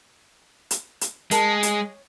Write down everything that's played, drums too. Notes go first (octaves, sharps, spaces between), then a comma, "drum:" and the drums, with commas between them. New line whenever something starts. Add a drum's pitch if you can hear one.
drum: hi-hat
drum: hi-hat
G#3 A#4 A5 A#5, drum: hi-hat
C#5, drum: hi-hat